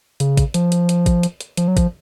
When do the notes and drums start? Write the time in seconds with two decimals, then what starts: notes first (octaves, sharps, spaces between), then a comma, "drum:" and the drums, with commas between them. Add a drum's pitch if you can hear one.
0.20 C#3, drum: hi-hat
0.37 drum: kick A1, hi-hat
0.54 F3, drum: hi-hat
0.72 drum: hi-hat
0.89 drum: hi-hat
1.06 drum: kick A1, hi-hat
1.23 drum: hi-hat
1.41 drum: hi-hat
1.57 F3, drum: hi-hat
1.68 F#3
1.77 F3, drum: kick A1, hi-hat